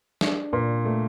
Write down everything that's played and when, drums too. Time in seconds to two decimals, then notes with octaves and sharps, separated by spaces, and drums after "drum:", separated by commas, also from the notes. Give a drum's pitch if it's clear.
0.21 D4, drum: snare
0.53 A#2
0.85 A3